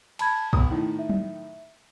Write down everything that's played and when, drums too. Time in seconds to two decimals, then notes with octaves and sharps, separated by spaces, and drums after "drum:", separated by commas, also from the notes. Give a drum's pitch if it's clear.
0.19 A5 B5 G#6, drum: cymbal
0.53 B1 A#5 D#6, drum: kick
0.71 A2 D#3
0.99 E5
1.09 drum: tom F#3